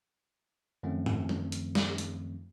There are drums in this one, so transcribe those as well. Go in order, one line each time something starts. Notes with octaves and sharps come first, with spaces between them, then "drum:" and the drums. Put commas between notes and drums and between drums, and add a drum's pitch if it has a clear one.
F#2 D#3 F3 A3 C4
drum: tom
drum: tom F3
drum: hi-hat
drum: snare
drum: hi-hat